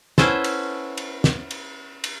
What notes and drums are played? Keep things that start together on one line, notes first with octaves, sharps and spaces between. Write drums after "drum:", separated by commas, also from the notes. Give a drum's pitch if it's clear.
B3 C#4 E4 A4 C5, drum: snare
drum: cymbal
drum: cymbal
drum: snare
drum: cymbal
drum: cymbal